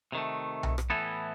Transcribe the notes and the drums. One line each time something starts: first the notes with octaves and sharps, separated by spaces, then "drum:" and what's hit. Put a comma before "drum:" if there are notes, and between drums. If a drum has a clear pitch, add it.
C3 D#3 A3
drum: tom B1
drum: rim click
A2 E3 B3 E4 A4